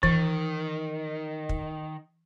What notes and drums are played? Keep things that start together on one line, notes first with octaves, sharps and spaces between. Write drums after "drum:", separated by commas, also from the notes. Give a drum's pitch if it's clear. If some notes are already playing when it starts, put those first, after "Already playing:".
D#3 E3, drum: kick
drum: kick